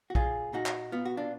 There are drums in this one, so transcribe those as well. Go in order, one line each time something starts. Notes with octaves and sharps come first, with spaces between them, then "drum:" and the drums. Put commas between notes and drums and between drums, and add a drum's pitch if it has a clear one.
F#4
A#2 F4 G#4, drum: kick
A#2 D#4 F#4
drum: clap
B3 F4
F#4
D4 F4